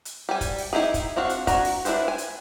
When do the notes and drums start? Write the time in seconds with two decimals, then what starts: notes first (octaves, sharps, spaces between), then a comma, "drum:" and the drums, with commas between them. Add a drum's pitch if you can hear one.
0.05 drum: hi-hat
0.29 G3 G#5
0.41 drum: kick, hi-hat
0.59 drum: open hi-hat
0.73 D#4 E4 G4 G#4
0.94 drum: kick, hi-hat
1.16 C4 D4 F#4 F5
1.29 drum: hi-hat
1.47 D4 F#4 G#5 A#5, drum: kick, hi-hat
1.65 drum: open hi-hat
1.85 D4 E4 A4 B4 C5, drum: hi-hat
2.08 G#5
2.18 drum: hi-hat